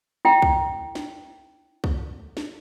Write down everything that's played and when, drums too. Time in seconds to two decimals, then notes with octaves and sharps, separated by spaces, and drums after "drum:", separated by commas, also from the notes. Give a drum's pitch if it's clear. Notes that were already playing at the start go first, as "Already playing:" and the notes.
0.25 E4 G5
0.42 drum: kick C2
0.95 drum: snare
1.84 drum: kick C2
2.37 drum: snare